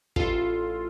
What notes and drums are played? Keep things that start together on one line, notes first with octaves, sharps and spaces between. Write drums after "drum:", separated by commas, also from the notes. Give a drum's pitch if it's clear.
A1 F4 A4, drum: kick